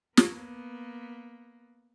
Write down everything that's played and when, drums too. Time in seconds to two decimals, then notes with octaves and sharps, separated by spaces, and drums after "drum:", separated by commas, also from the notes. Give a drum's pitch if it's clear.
0.17 A#3 B3, drum: snare